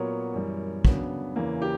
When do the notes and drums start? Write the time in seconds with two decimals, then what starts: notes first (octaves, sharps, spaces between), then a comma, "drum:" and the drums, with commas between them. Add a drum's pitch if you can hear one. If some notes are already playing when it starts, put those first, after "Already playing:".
Already playing: A#2 F#3 B3 A#4 C#5
0.34 F#2 E3 G3
0.85 C#3 F#3 B3 D4, drum: kick
1.36 E2 C#3 E3 A#3
1.62 G4